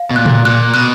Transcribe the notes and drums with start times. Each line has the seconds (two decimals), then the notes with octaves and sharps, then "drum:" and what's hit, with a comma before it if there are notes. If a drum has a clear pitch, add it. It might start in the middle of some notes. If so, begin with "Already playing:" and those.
Already playing: F5
0.11 B2
0.16 A#2 F#6
0.25 drum: tom
0.45 A#2 F#6
0.74 B2 F#6